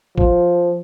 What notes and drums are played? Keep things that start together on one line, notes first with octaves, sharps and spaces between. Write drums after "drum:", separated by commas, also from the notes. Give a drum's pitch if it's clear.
F3, drum: kick